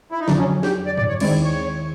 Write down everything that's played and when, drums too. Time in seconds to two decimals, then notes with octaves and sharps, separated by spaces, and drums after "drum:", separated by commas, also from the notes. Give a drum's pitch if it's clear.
0.12 E4
0.20 D#4
0.28 F2 D3 F#3 D4, drum: snare
0.39 C#4
0.63 G4, drum: snare
0.86 D5
0.97 D5, drum: tom G2
1.09 C#5
1.20 D#2 D#3 G#3 C4 E4 D5, drum: cymbal
1.44 C#5